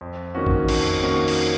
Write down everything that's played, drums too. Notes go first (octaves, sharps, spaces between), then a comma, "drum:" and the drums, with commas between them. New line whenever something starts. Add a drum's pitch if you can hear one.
F2
D#3 A#3 C#4 F#4
drum: kick
F2, drum: cymbal
D#3 A#3 C#4 F#4
drum: cymbal